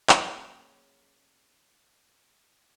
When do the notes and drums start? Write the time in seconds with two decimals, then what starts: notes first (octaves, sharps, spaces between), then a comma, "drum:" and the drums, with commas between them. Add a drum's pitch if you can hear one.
0.09 F#3 G#3 A#3 C#4 E4, drum: clap